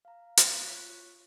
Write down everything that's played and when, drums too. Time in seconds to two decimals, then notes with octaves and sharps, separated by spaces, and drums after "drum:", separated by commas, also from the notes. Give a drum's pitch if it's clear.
0.05 F5 A#5
0.37 drum: hi-hat
0.65 F4 C#5 C#6 F#6 B6